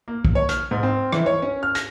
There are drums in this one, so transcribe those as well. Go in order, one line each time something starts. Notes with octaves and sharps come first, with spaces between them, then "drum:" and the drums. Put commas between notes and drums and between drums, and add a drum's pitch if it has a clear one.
A#3
drum: kick
C#5
F6, drum: hi-hat
G#2
C4
E3, drum: rim click
C#5
C#4
F6
A#6, drum: hi-hat